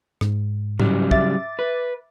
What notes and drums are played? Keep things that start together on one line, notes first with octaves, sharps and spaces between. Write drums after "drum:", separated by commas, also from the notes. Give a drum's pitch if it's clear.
G#2, drum: rim click
C#3 F#3 G3, drum: tom
E5 D6 A6, drum: kick
B4